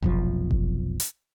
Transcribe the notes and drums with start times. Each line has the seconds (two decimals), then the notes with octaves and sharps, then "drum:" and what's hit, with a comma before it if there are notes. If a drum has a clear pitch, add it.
0.02 F1 B1 F3, drum: kick F#1
0.51 drum: kick F#1
1.00 drum: hi-hat